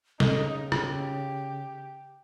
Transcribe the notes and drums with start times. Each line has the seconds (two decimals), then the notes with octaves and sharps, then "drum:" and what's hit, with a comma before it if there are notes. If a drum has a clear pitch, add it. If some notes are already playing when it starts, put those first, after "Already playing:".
0.20 C#3 D#4, drum: snare
0.72 G4, drum: rim click